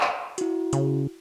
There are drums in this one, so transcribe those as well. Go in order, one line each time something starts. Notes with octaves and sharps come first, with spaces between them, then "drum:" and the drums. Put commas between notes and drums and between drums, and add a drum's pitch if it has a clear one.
drum: clap
E4 F#4, drum: hi-hat
C#3, drum: hi-hat